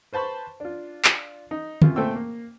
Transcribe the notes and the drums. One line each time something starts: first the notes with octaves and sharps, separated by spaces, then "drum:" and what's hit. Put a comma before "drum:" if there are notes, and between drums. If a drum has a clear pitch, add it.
B4 C5 A5 B5 C#6
D4 F4
drum: clap
D#4
F#2 C3 F4, drum: tom D3
A#2 A3 C4 C5 G5 E6
A#3